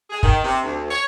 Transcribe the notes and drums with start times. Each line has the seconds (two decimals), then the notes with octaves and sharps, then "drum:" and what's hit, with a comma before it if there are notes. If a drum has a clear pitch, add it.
0.10 G#4
0.23 D#3, drum: kick
0.44 C3
0.64 D2
0.89 C#5